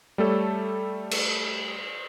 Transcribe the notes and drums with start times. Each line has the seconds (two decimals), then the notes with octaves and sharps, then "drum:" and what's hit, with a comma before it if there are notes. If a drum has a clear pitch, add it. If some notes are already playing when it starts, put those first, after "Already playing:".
0.18 G3 A3 A4 C#5
1.11 drum: cymbal